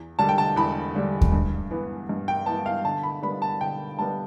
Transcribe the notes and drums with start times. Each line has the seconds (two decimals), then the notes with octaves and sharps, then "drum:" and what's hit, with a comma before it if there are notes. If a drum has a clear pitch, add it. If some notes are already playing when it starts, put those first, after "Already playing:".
Already playing: E2
0.19 D3 G3 D4 A5
0.29 G5
0.38 A5
0.56 E2 B5
0.95 D3 G3 D4
1.21 drum: kick D#2
1.32 G2
1.71 E3 B3
2.09 G2
2.28 G5
2.46 E3 B3 A5
2.66 F5
2.84 D3 A5
3.03 B5
3.22 G3 B3 D4 B5
3.42 A5
3.61 D3 G5
3.99 G3 B3 D4 A5